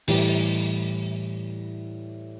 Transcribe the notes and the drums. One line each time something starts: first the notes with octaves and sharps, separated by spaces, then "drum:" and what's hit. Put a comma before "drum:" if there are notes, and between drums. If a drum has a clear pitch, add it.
A2 E3 G3 G4, drum: open hi-hat